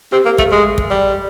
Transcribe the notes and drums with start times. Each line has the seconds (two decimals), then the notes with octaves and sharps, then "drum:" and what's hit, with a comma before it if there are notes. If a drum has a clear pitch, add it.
0.12 C4 G4
0.25 A#3
0.38 A3, drum: kick
0.52 G#3 G#4
0.78 drum: kick
0.91 G3